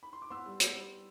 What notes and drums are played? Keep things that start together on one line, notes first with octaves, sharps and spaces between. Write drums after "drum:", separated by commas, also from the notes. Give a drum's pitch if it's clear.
B5
C6
D6
B3 C6 E6
G3
B3, drum: hi-hat
G3